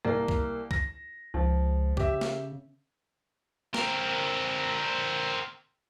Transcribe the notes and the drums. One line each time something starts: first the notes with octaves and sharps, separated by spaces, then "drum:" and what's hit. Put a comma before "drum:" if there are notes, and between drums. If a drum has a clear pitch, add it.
C2 A#3
drum: kick C2
A#6, drum: kick C2
C#2 F3
C#3 G4 E5, drum: kick C2
drum: snare
C4 A#4, drum: snare